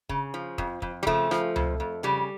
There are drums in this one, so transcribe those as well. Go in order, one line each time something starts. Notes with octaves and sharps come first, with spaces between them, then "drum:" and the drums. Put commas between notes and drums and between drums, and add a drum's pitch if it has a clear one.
C#3, drum: kick
F3
F2, drum: kick
F2, drum: kick
G3
C#3 F3 A3, drum: kick
F3, drum: rim click
F2, drum: tom C#2
F2
C#3 G3